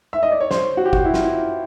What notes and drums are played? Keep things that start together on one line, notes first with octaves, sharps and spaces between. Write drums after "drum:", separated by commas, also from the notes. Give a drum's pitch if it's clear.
E5
D#5
D5
C#5
C5, drum: snare
F#4
G4
F#4, drum: kick
E4
F4, drum: snare
E4